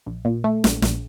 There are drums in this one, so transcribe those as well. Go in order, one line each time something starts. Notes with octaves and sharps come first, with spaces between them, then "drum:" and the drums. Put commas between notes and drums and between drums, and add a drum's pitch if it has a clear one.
A#1
A#2
A3
A#1, drum: snare
A#1, drum: snare